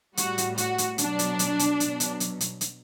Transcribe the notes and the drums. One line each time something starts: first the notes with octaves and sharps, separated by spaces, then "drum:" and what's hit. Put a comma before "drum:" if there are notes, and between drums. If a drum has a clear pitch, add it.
A2 G3 F#4, drum: hi-hat
drum: hi-hat
F#4, drum: hi-hat
drum: hi-hat
B2 F#3 D4, drum: hi-hat
drum: hi-hat
drum: hi-hat
drum: hi-hat
B2 F#3, drum: hi-hat
drum: hi-hat
drum: hi-hat
drum: hi-hat
drum: hi-hat